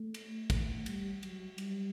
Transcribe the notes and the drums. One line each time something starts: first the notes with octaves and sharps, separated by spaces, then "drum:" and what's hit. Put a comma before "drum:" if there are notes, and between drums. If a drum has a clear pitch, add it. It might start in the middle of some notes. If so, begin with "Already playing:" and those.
Already playing: A3
drum: cymbal
A3, drum: kick, cymbal
G3, drum: cymbal
F#3, drum: cymbal
G3, drum: cymbal